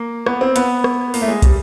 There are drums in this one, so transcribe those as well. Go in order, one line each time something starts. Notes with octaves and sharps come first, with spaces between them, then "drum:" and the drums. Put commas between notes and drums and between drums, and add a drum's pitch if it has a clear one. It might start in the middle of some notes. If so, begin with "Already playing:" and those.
Already playing: A#3
B3, drum: rim click
C4
B3, drum: hi-hat
drum: rim click
A#3, drum: open hi-hat
A3
G#3
G3, drum: kick, hi-hat